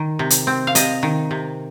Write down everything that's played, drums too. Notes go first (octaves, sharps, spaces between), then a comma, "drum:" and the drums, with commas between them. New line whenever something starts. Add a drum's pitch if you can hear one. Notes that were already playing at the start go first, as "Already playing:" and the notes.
Already playing: D#3
C3
drum: hi-hat
C4
F5
C3 D#5, drum: hi-hat
D#3
C3